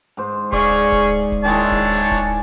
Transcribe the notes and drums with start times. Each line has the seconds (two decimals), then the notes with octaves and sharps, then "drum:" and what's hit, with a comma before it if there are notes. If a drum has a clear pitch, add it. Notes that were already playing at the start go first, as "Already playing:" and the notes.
0.17 G#2 C5
0.52 G#4 D5 C#6, drum: kick D1, hi-hat
0.92 drum: kick D1
1.32 drum: kick D1, hi-hat
1.44 D#3 G#3 E4 C#5 D5 A5
1.72 drum: kick D1, hi-hat
2.11 drum: kick D1, hi-hat